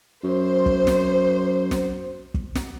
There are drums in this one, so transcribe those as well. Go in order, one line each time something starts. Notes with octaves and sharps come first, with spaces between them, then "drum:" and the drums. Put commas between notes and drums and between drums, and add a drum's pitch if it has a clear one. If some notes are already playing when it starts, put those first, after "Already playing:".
F#2 C5
drum: kick
drum: snare
drum: snare
drum: kick
drum: snare